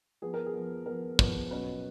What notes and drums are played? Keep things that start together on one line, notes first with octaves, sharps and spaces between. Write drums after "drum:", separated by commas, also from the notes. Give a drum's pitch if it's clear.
F3 B3 G#4
A#4
G#4
F3 B3
F3 B3 A#4
F3 B3, drum: kick
B2 F#3 C#4 B4